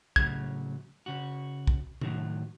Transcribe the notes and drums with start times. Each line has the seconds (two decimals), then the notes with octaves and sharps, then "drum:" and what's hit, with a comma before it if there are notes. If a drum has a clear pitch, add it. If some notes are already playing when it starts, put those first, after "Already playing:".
0.16 A2 C#3 F#3 G#6, drum: kick
1.06 C#3 F#4
1.67 drum: kick
2.01 A2 D#3 F#3, drum: tom C3